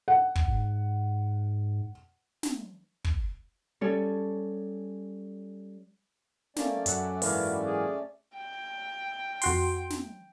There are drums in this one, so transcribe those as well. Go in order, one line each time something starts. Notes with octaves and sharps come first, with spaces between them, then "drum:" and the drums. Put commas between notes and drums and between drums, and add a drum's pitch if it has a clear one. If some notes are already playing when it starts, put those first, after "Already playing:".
F#5
drum: kick
G#2
drum: snare
drum: kick
G3 C#4 A4 C#5
A3 A#3 C#4 D5, drum: snare
F#2 F#3 E5 F#5, drum: hi-hat
G#2 E3 A#3 B4, drum: open hi-hat
G#4
G5
F2 F#4 C6, drum: open hi-hat
drum: snare